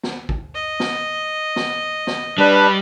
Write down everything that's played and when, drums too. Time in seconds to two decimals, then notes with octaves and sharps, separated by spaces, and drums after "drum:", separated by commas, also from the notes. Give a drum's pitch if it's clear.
0.03 drum: snare
0.29 drum: kick
0.54 D#5
0.80 drum: snare
1.56 drum: snare
2.07 drum: snare
2.38 G3 D4 B4